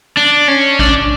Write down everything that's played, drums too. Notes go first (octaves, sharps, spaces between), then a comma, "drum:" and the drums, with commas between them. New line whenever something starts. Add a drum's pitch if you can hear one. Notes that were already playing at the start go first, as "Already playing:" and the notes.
D4
C#4
D4, drum: kick A1